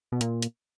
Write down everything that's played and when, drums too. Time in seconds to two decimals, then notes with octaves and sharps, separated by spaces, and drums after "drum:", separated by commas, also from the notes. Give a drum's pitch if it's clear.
0.12 B2
0.21 A#2, drum: hi-hat
0.42 drum: hi-hat